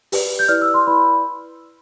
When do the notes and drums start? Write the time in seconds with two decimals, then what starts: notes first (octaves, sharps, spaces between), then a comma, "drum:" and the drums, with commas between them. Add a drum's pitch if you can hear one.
0.12 G4 B4 D5, drum: open hi-hat
0.39 G6
0.48 E4 B4 D5 F6
0.62 E6
0.74 C6
0.86 E4 B4 D5 B5